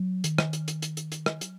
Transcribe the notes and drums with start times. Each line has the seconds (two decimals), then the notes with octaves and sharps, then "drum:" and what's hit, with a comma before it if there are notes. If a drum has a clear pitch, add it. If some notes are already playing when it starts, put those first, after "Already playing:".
Already playing: F#3
0.24 D#3, drum: hi-hat
0.38 drum: rim click
0.53 drum: hi-hat
0.68 drum: hi-hat
0.82 drum: hi-hat
0.97 drum: hi-hat
1.12 drum: hi-hat
1.26 drum: rim click
1.41 F#3, drum: hi-hat